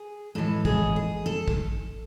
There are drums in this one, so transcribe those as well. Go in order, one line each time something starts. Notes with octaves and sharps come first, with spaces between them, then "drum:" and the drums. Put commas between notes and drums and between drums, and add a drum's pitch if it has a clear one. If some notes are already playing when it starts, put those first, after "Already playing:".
Already playing: G#4
A2 E3 G#3 A4
G#4, drum: kick
G#4
A4
drum: kick